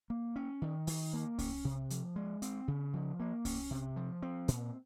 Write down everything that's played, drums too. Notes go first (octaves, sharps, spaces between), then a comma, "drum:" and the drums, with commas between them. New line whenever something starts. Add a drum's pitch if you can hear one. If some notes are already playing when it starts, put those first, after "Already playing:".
A#3
C#4
D#3
D#3, drum: open hi-hat
A#3
C#4, drum: kick C2, open hi-hat
C3
F3, drum: hi-hat
G#3
C4, drum: hi-hat
C#3
F3
A#3
C#4, drum: kick C2, open hi-hat
C3
F3
C4
A#2, drum: hi-hat